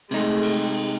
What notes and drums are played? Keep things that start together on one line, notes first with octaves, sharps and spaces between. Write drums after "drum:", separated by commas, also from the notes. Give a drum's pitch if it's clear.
C3 G#3 A3 D#4, drum: cymbal
drum: cymbal
drum: cymbal